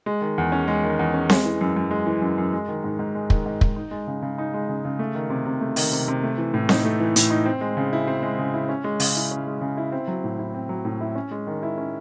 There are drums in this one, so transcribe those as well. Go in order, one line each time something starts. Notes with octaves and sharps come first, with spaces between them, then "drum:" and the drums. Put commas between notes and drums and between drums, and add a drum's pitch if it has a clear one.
G#3
D#3
E2
C#4
G#3
D#3
E2
C#4
G#3, drum: snare C4
E3
F#2
F#2
G#3
E3
F#2
F#2
G#3
D#3
G#2
G#2
G#3
D#3, drum: kick
G#2
G#2, drum: kick
D#4
G#3
C#3
C#3
D#4
G#3
C#3
C#3
A3
D#3
C3
C3
A3
D#3, drum: open hi-hat
C3
C3
A3
E3
A2
D#4, drum: snare C4
A3
E3
A2, drum: hi-hat
D#4
C4
G#3
C#3
E4
C4
G#3
C#3
E4
C#4
G#3
C#3, drum: open hi-hat
E4
C#4
G#3
C#3
E4
C4
F#3
A2
E4
C4
F#3
A2
E4
C#4
G#3
D#3
E4
C#4